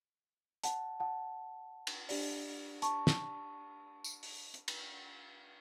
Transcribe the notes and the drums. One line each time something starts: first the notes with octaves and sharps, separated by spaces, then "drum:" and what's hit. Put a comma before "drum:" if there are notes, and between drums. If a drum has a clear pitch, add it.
F#5 A5, drum: hi-hat
F#5 A5
drum: cymbal
D4 G4 D5, drum: open hi-hat
A5 C#6, drum: hi-hat
drum: snare
drum: tambourine
drum: open hi-hat
drum: hi-hat
drum: cymbal